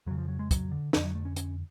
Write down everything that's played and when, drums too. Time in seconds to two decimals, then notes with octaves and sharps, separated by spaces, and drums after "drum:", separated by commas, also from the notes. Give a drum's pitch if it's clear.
0.06 F2 C#3 F#3
0.18 F3
0.28 F#3
0.39 G#3
0.51 F#3, drum: kick, hi-hat
0.71 D3
0.93 F2 D3 F3, drum: snare
1.04 F#3
1.15 A3
1.25 C#4
1.36 C#4, drum: hi-hat